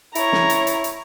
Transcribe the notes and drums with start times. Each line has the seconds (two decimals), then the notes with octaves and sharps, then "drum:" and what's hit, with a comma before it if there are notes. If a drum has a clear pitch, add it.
0.15 E4 C#5 A#5, drum: hi-hat
0.32 drum: snare
0.50 drum: hi-hat
0.67 drum: hi-hat
0.84 drum: hi-hat